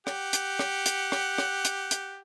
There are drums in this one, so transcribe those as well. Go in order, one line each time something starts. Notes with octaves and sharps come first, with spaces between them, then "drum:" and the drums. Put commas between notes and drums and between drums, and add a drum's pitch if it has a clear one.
G4 F#5, drum: rim click
drum: hi-hat
drum: rim click
drum: hi-hat
drum: rim click
drum: rim click
drum: hi-hat
drum: hi-hat